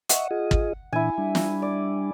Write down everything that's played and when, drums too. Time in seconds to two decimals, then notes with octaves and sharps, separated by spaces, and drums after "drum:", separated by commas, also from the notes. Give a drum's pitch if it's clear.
0.09 D#5 E5 F#5 C#6, drum: hi-hat
0.31 F4 G#4 D#5
0.51 drum: kick
0.93 A#2 E3 D4 E4 G#5
1.18 G3 D4
1.35 drum: snare
1.62 D5